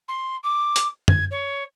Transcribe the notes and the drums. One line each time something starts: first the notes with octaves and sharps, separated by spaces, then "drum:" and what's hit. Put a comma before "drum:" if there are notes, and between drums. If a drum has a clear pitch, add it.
C6
D6
drum: hi-hat
G#6, drum: tom
C#5